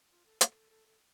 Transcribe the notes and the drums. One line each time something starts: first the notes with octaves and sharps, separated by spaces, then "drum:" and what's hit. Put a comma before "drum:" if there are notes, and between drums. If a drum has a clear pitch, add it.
F4
A4
A4, drum: hi-hat
A4
A4